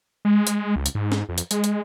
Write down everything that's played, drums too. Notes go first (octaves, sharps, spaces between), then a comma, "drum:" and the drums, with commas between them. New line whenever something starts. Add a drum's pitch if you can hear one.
G#3
drum: hi-hat
C#2
drum: hi-hat
G#2
drum: snare
F2
drum: hi-hat
G#3, drum: hi-hat
drum: hi-hat